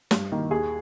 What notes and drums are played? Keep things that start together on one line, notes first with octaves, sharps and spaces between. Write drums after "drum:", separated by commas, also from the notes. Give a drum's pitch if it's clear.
G2, drum: snare
D#3 A#3
D#2 G#4